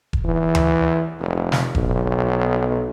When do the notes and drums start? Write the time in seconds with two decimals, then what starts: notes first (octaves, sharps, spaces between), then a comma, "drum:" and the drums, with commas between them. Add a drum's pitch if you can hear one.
0.13 drum: kick E1
0.25 E3
0.55 drum: tom D2
1.19 F1
1.52 drum: snare
1.75 B1, drum: kick E1